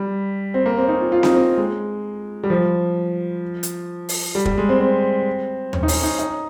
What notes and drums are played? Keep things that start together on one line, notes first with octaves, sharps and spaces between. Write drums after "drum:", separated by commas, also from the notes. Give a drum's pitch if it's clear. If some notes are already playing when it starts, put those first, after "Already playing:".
Already playing: G3
C4
A#3
C4
C#4
D#4
F4
F4
D#4, drum: snare C4
C4
G#3
G3
F3
drum: hi-hat
drum: open hi-hat
G3
G3, drum: kick
G#3
C4
C4
C#4, drum: tom D#2
D#4
C#4, drum: open hi-hat
D#4
D#4